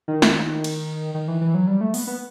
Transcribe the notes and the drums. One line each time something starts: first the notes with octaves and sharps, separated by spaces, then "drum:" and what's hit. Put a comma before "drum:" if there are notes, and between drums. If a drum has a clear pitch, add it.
D#3
drum: snare
drum: cymbal
D#3
E3
E3
F#3
G3
A3
B3, drum: open hi-hat
B3